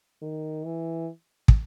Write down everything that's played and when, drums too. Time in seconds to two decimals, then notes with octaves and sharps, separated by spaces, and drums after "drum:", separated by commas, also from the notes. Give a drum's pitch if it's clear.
0.22 D#3
0.64 E3
1.48 drum: kick